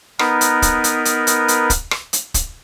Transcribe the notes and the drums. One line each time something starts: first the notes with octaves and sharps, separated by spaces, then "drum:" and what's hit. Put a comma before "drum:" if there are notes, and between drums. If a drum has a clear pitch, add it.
B3 D#4 A#4 B4, drum: rim click
drum: hi-hat
drum: kick, hi-hat
drum: hi-hat
drum: hi-hat
drum: hi-hat
drum: hi-hat
drum: kick, hi-hat
drum: rim click
drum: hi-hat
drum: kick, hi-hat